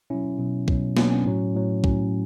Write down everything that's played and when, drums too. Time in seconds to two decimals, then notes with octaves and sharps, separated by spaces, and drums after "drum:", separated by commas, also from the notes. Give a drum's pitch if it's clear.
0.10 B2 F#3 C#4 E4
0.39 B2 F#3
0.68 B2 F#3, drum: kick
0.97 B2 F#3 B3 D4, drum: snare A#3
1.11 C#4
1.26 A2 F#3
1.54 A2 F#3
1.84 A2 F#3 C#4, drum: kick